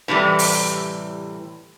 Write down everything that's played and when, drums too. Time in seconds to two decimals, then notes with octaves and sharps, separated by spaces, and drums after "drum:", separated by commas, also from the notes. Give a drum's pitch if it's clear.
0.08 A2 C3 E3 G3
0.39 drum: open hi-hat